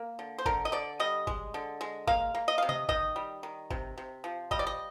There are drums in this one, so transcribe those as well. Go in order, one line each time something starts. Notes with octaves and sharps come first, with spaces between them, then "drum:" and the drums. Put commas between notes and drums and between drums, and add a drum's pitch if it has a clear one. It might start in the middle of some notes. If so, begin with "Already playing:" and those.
Already playing: A#3
D3
C5
D3 A#4, drum: kick G1
D#5
D3 D5
G3 D#5
G#3, drum: kick G1
D3
G#3
A#3 F5, drum: kick G1
A#3
D#5
C3 F5
D#5, drum: tom
D#3 D#5, drum: kick G1
G3
D#3
C3, drum: kick G1
C3
F3
G3 D#5, drum: kick G1
D5
D#5